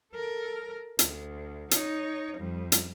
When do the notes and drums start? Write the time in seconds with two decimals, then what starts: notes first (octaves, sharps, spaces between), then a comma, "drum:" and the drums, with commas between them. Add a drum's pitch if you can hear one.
0.13 A4 A#4
0.99 D2, drum: hi-hat
1.71 D#4 C#5, drum: hi-hat
2.37 F2 G3
2.72 drum: hi-hat